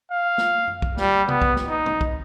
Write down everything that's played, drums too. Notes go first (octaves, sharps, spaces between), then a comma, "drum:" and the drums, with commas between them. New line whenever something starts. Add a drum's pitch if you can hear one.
F5
drum: snare
drum: tom F#2
drum: kick
G3, drum: snare
B3, drum: tom
drum: kick
drum: snare
D#4
drum: tom
drum: kick